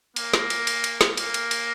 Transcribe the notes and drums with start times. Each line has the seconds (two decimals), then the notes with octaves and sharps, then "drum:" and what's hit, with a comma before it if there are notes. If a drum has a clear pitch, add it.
0.16 A#3, drum: cymbal
0.34 drum: snare
0.50 drum: cymbal
0.67 drum: cymbal
0.84 drum: cymbal
1.01 drum: snare
1.17 A#3, drum: cymbal
1.34 drum: cymbal
1.51 drum: cymbal